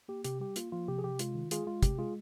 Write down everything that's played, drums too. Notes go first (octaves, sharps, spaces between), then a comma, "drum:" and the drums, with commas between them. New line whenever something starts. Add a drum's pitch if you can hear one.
A#3 G4
C3 G4, drum: hi-hat
G3 G4
A#3 F4, drum: hi-hat
F3 F4
C3 G4
G#4
C3 G4
G#3 F4, drum: hi-hat
D#3
G#3 F4 G#4, drum: hi-hat
G#3 F4
C3 G4, drum: kick, hi-hat
G#3 F4 G#4